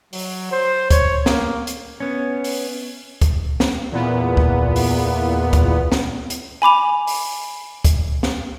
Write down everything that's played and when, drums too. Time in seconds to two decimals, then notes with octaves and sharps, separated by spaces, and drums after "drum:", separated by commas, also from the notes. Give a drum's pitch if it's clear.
0.13 F#3, drum: open hi-hat
0.51 C5
0.90 C#5, drum: kick, hi-hat
1.26 A#3, drum: snare
1.67 drum: hi-hat
2.00 B3 C#4
2.44 drum: open hi-hat
3.21 drum: kick, hi-hat
3.60 drum: snare
3.91 E2 A#2 B3
4.37 drum: kick
4.76 drum: open hi-hat
5.53 drum: kick, hi-hat
5.92 drum: snare
6.30 drum: hi-hat
6.62 G#5 B5 D6 F7
7.07 drum: open hi-hat
7.84 drum: kick, hi-hat
8.23 drum: snare